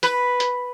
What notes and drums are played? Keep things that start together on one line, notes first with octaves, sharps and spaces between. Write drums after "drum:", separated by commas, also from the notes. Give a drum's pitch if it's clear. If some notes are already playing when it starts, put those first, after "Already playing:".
B4, drum: hi-hat
drum: hi-hat